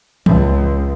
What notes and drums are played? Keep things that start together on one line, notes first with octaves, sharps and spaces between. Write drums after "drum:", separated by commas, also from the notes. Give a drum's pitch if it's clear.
C#2, drum: tom